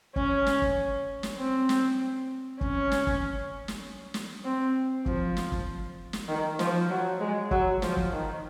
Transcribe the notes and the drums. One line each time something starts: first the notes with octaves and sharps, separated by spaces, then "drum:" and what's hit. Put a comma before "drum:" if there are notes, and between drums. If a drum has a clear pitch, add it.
C#4, drum: kick
drum: snare
drum: kick
drum: snare
C4
drum: snare
C#4, drum: kick
drum: snare
drum: kick
drum: snare
drum: snare
C4
F3, drum: kick
drum: snare
drum: kick
drum: snare
D#3
F3, drum: snare
F#3
G#3
F#3, drum: kick
F3, drum: snare
drum: kick
D#3